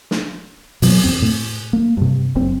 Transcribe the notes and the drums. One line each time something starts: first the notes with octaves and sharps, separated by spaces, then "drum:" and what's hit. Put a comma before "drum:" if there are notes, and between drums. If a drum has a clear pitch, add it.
drum: snare
B2 F3 F#3 B3, drum: open hi-hat
E2 C4
A2
A#3
G2 C3
F#1 F#2 C4